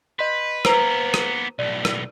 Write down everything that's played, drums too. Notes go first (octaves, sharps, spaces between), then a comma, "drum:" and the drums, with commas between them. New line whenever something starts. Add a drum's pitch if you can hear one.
B4 D#5 C6
A#3 B3 B4 C5 A#5, drum: rim click
drum: rim click
B1 A2 D5
drum: rim click